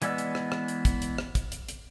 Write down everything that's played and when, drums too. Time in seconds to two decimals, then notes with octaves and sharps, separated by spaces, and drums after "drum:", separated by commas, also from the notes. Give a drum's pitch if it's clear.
0.02 E3 G#3 B3 D5 E6, drum: hi-hat
0.18 drum: hi-hat
0.35 drum: rim click
0.52 drum: rim click
0.68 drum: hi-hat
0.85 drum: kick, hi-hat
1.02 drum: hi-hat
1.18 drum: rim click
1.35 drum: kick, hi-hat
1.52 drum: hi-hat
1.69 drum: hi-hat